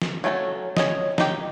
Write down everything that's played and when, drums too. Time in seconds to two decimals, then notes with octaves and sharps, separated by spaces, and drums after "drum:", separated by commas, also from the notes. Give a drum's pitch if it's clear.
0.02 drum: snare
0.24 F#3 A3 C#4 E4 A4
0.77 C#4 D#5, drum: snare
1.18 D#4 G4, drum: snare